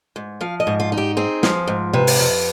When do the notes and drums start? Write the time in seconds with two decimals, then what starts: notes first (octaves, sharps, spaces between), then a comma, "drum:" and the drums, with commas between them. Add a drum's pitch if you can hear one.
0.16 G#2
0.41 F3 F5
0.60 D#5
0.67 G#2
0.80 F4
0.92 D#4
0.97 G4
1.17 C4 G#4
1.43 F3, drum: snare
1.67 G#2
1.93 C3 B4
2.07 drum: open hi-hat
2.19 F2